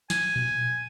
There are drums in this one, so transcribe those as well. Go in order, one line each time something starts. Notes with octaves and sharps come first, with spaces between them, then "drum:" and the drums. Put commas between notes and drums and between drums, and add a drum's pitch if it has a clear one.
G#5, drum: snare
drum: tom A#2